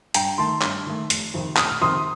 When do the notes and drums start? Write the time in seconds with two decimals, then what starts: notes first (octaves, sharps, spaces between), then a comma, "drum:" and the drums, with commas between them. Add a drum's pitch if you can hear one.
0.14 G2 G5 A#5, drum: hi-hat
0.38 D#3 A3 A5 C6
0.62 G2, drum: clap
0.86 D#3 A3
1.10 F1, drum: hi-hat
1.34 F2 C3 D#3
1.57 F1 D#6, drum: clap
1.69 F6
1.81 F2 C3 D#3 C6 D#6